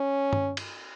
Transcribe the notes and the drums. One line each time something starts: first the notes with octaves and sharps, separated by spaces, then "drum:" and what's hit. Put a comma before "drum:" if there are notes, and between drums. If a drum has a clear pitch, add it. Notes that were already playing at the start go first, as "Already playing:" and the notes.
Already playing: C#4
drum: tom G2
drum: cymbal